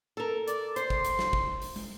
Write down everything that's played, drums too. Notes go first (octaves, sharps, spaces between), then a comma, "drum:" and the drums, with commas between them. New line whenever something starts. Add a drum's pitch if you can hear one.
A4 A#4
D5, drum: hi-hat
C5 C6, drum: hi-hat
drum: kick
drum: hi-hat
drum: snare
drum: kick
drum: open hi-hat
drum: tom